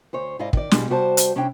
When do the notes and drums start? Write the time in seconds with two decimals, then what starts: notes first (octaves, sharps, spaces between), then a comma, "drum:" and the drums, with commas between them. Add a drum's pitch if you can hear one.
0.13 D2 C5 C#5
0.39 G#2 E4 D5 D#5 F5
0.53 D#3 D5, drum: kick
0.71 G2 B2 G3 G#3, drum: snare
0.89 C3 G3 F#4 C5 A5
1.17 drum: hi-hat
1.35 C3 C#4 D4 E4 C#5 G5